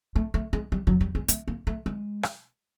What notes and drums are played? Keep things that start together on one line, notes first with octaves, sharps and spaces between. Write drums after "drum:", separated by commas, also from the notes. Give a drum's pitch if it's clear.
A3
A3
G#3
G3
F#3, drum: kick F2
G3
G#3
A3, drum: hi-hat
A#3
A3
G#3
drum: rim click